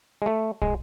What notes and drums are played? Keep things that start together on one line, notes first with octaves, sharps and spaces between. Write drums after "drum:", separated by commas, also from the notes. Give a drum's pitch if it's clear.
G#3
A3
G#3, drum: kick